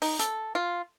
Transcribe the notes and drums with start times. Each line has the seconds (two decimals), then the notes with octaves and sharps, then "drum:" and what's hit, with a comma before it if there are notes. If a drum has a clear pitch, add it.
0.02 D#4, drum: open hi-hat
0.19 A4, drum: hi-hat
0.55 F4